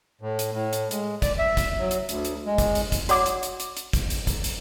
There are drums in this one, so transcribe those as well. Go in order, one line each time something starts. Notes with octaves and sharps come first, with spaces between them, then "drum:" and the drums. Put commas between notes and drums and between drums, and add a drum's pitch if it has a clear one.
A2
drum: hi-hat
A2
drum: hi-hat
G#3, drum: hi-hat
D5, drum: kick, hi-hat
E5
drum: kick, hi-hat
F#3
drum: hi-hat
D2, drum: hi-hat
drum: hi-hat
G#3
drum: kick, hi-hat
drum: hi-hat
drum: kick, hi-hat
F#4 C#5 D5 F#5 D6, drum: hi-hat
drum: hi-hat
drum: hi-hat
drum: hi-hat
drum: hi-hat
drum: kick, hi-hat
drum: hi-hat
drum: kick, hi-hat
drum: hi-hat